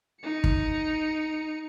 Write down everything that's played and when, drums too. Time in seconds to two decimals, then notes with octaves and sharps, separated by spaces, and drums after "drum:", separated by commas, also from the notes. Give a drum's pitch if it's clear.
0.22 D#4 C#7
0.44 drum: kick